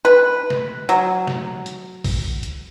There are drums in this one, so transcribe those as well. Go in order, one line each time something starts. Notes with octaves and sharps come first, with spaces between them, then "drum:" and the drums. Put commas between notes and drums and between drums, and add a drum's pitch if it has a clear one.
B4
drum: snare
F#3, drum: hi-hat
drum: snare
drum: hi-hat
drum: kick, open hi-hat
drum: hi-hat